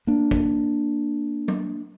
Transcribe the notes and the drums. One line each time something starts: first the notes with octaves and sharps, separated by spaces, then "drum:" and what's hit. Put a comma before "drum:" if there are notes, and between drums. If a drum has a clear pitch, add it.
A#3 D4
drum: kick
drum: tom F#3